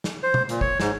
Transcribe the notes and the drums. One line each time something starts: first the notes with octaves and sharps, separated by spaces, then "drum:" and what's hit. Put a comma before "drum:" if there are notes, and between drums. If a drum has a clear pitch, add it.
drum: snare
C5
drum: tom
A#2, drum: hi-hat
C#5, drum: kick
G#2, drum: snare